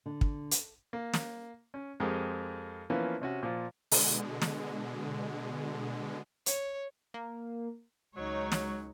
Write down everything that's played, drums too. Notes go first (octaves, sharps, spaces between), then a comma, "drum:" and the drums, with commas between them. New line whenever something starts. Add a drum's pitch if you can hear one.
D3
drum: kick
drum: hi-hat
A#3
drum: snare
C#4
F2 G#3 C4 G4 A#4 D#6
E3 F3 A#3 B3 C#4
C3 C#4 F#4
A#2 F3
B2 D3 G#3, drum: open hi-hat
drum: snare
C#5, drum: hi-hat
A#3
C#2 F#3 G#3 D#4 C#5
drum: snare